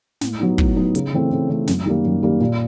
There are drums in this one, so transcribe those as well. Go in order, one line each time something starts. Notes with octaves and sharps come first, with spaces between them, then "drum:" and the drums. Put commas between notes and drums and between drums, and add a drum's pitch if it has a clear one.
A2, drum: snare
F#3 B3 D#4
A2, drum: kick
F#3 B3 D#4
C#3, drum: hi-hat
E3 A3 C4
C#3
E3 A3 C4
F#2, drum: snare
D#3 G3 A#3
F#2
D#3 G3 A#3
A#2